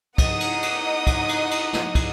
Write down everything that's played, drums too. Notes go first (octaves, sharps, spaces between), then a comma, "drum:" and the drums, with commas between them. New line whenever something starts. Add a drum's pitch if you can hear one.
D#4 D#5 F#5 D#6, drum: kick, cymbal
drum: cymbal
drum: cymbal
drum: kick, cymbal
drum: cymbal
drum: cymbal
drum: snare
drum: kick, cymbal